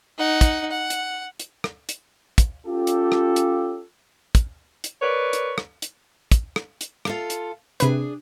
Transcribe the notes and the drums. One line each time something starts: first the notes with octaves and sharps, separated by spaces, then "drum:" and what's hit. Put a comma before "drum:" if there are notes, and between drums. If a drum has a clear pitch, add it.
D#4 F#5
drum: kick, hi-hat
F#5
drum: hi-hat
drum: hi-hat
drum: rim click
drum: hi-hat
drum: kick, hi-hat
C#4 F4 G4 A4
drum: hi-hat
drum: rim click
drum: hi-hat
drum: kick, hi-hat
drum: hi-hat
A#4 B4 C#5 D5
drum: hi-hat
drum: rim click
drum: hi-hat
drum: kick, hi-hat
drum: rim click
drum: hi-hat
F4 A4 F5, drum: rim click
drum: hi-hat
C3 D4 G#4 B4, drum: hi-hat